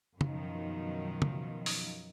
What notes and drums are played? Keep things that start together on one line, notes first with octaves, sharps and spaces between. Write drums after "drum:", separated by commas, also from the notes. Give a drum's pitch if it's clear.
F#2 B2 D#3 F3, drum: tom
drum: tom
drum: open hi-hat